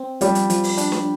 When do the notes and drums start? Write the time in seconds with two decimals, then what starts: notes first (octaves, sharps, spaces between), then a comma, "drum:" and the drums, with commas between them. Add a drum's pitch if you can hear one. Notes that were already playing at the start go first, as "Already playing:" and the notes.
Already playing: C4
0.21 F3 G3, drum: hi-hat
0.35 drum: hi-hat
0.50 F3, drum: hi-hat
0.63 drum: open hi-hat
0.78 D4, drum: hi-hat
0.92 drum: snare